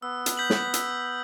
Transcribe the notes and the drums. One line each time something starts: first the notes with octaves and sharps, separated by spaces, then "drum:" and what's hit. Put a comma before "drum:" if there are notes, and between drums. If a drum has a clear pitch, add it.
B3 E6
drum: hi-hat
G6 B6 F#7
drum: snare
E6, drum: hi-hat